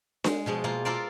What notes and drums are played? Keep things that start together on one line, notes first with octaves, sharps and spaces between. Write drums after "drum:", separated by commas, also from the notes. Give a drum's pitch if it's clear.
G#3, drum: snare D4
B2 F3 G#3
B2 A#3 F4
F4 A4 A#4 C5 D5